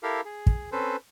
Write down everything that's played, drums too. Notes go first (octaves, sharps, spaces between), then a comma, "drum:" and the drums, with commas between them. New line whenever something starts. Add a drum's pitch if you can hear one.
E4 G4 A4 A#4 F5
G#4
drum: kick
C4 C#4 A4 B4 C5